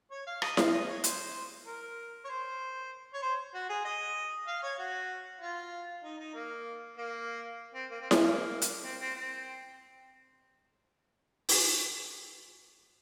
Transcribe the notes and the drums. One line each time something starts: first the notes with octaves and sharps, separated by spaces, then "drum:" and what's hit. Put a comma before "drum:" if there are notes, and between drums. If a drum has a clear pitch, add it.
C#5
F5
D#5, drum: rim click
F5, drum: snare E4
D#5
C#5
C5, drum: hi-hat
A#4
C#5
C5
C#5
C5
F#4
G#4
D#5
F5
C#5
F#4
F4
D#4
D#4
A#3
A#3
C4
A#3
C4
C#4, drum: snare E4
A#3
drum: hi-hat
C4
C4
C4
drum: open hi-hat